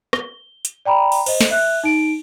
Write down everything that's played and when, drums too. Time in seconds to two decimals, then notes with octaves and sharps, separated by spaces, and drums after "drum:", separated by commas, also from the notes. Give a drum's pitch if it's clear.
0.13 G7, drum: rim click
0.65 drum: hi-hat
0.85 D5 G5 A#5 B5
1.12 drum: open hi-hat
1.26 C5 D#5, drum: cymbal
1.41 drum: snare
1.51 E5 F#6
1.84 D#4 D7